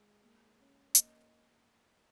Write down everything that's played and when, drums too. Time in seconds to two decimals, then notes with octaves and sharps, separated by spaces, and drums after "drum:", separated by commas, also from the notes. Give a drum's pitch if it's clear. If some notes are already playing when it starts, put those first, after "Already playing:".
Already playing: G#3
0.23 A#3
0.60 C#4
0.95 A#3 D#5, drum: hi-hat